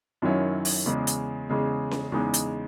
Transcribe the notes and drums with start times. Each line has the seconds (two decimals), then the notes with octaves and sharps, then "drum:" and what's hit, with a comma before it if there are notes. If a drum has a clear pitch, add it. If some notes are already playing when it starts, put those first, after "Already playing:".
0.22 F#2 D#3 F#3 C#4 E4
0.65 drum: open hi-hat
0.86 E2 C#3 G#3
1.07 drum: hi-hat
1.49 E2 C#3 G#3
1.91 drum: snare C#4
2.12 E2 C#3 G#3 D#4
2.34 drum: hi-hat